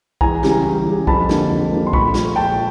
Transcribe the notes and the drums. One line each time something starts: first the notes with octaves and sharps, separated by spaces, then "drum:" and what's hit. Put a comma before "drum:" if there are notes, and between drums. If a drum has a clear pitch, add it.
E2 G#5 A#5, drum: kick B1
C#3 E3 G3, drum: snare
E2
C#3 E3 G3
F2 A5 B5, drum: kick B1
D3 G3 A#3, drum: snare
F2
D3 G3 A#3
C6
A#2 B5 C#6, drum: kick B1
F3 A3, drum: snare
A#2 G5 A5